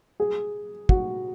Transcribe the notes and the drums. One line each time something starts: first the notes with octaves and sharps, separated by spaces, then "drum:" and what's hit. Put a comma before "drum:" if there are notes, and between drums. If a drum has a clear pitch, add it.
G#4
F#4, drum: kick